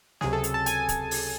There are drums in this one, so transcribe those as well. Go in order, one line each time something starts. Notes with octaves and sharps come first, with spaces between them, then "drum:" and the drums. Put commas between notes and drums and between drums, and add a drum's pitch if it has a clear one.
C#2 C3 F#3 G#4, drum: snare
A4
drum: hi-hat
A5
G#5, drum: hi-hat
drum: kick, hi-hat
drum: open hi-hat